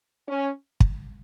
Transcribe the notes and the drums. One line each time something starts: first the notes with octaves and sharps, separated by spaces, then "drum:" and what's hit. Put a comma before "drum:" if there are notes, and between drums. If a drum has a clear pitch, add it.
C#4
drum: kick